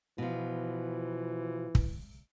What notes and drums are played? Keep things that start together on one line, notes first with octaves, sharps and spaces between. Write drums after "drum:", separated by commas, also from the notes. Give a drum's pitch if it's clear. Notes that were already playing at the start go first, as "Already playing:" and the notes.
B2 E3 F3
drum: kick